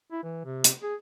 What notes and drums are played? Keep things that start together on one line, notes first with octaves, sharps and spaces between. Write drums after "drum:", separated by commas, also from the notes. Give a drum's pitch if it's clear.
E4
E3
C3
drum: hi-hat
G#4